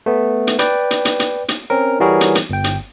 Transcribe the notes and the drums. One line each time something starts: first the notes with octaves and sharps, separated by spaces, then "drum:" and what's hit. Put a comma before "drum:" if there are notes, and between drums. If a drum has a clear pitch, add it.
A3 B3
drum: hi-hat
B4 D5 G5, drum: hi-hat
drum: hi-hat
drum: hi-hat
drum: hi-hat
drum: hi-hat
C4 C#4 A#4
E3 G3 F#4 G#4 A#4 C#5
drum: hi-hat
drum: hi-hat
G1 G5
drum: hi-hat